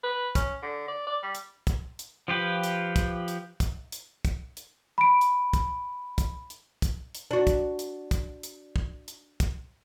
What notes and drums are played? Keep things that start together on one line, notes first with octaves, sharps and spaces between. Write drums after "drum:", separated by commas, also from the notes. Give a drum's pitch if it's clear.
B4
C#4, drum: kick, hi-hat
D3
D5
D5
G3
drum: hi-hat
drum: kick, hi-hat
drum: hi-hat
F3 F4 G4 B4
drum: hi-hat
drum: kick, hi-hat
drum: hi-hat
drum: kick, hi-hat
drum: hi-hat
drum: kick, hi-hat
drum: hi-hat
B5 D7
drum: hi-hat
drum: kick, hi-hat
drum: kick, hi-hat
drum: hi-hat
drum: kick, hi-hat
drum: hi-hat
D4 F#4
drum: kick, hi-hat
drum: hi-hat
drum: kick, hi-hat
drum: hi-hat
drum: kick
drum: hi-hat
drum: kick, hi-hat